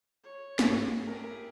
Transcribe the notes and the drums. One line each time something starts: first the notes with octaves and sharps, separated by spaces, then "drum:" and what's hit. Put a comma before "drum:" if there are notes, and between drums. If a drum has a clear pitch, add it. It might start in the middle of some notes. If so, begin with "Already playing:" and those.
C#5
G#2 F4, drum: snare
E4 G4 G#4 A#4